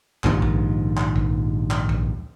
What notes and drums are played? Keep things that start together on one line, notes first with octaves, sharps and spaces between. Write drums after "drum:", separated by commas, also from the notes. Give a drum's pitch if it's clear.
A#1 D#2 G#2 F3, drum: clap
drum: kick A#1
drum: clap
drum: kick A#1
drum: clap
drum: kick A#1